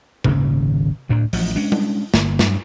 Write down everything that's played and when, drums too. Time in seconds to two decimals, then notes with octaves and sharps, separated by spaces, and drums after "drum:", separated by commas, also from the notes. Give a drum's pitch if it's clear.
0.24 D#1 G#1 D#2 C#3, drum: tom C3
1.09 D2 A2 D4
1.33 A1 F3 F#3, drum: open hi-hat
1.56 G#3 C#4 D4
1.72 drum: tom G3
2.14 G1 A#3, drum: snare
2.39 G2 F#3, drum: snare